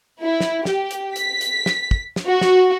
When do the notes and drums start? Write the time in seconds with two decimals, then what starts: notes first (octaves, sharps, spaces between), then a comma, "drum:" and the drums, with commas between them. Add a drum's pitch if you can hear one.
0.22 E4
0.41 drum: snare
0.65 G4, drum: snare
0.91 drum: hi-hat
1.16 B6, drum: hi-hat
1.41 drum: hi-hat
1.66 drum: snare
1.91 drum: kick
2.16 drum: snare
2.26 F#4
2.41 drum: snare